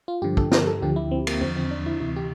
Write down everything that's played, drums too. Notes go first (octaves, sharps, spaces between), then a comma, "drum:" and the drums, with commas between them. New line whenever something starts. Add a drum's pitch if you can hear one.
F4
G2 D3 F3 G4
A4, drum: kick
A#4, drum: snare
A4
D2 D3 F3 G4
E4
C4
A#3, drum: cymbal
E2 D3 F3 C4
C4
D4
E4
D2 C3 E3 E4
G4